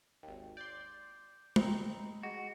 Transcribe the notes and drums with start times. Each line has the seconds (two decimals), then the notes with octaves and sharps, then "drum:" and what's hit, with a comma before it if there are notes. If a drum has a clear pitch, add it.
0.23 G#1 D#2 G5
0.57 D5 C6 G6
1.56 C4 D#4 B5 C#7, drum: tom G#3
2.23 F#4 G#4 D#5 F#5